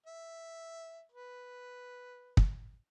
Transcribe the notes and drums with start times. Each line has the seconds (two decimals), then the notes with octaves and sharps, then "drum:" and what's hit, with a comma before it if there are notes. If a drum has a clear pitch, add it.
0.06 E5
1.12 B4
2.37 drum: kick